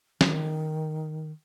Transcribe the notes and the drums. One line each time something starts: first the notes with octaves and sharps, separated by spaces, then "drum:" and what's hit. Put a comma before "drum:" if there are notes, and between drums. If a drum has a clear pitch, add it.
D#3, drum: snare